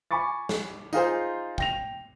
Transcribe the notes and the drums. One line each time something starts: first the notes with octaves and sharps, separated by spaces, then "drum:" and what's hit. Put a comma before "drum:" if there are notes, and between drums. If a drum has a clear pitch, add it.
G#5 B5 C#6 D6 A6
drum: snare
D#4 F4 G#4 C5, drum: tambourine
G5 A#6 F7, drum: kick